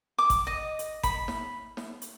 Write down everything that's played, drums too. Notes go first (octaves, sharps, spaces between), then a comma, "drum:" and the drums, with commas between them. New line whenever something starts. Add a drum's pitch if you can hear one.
D6
drum: kick G#1, hi-hat
D#5
drum: hi-hat
B5, drum: kick G#1, hi-hat
drum: snare
drum: snare
drum: hi-hat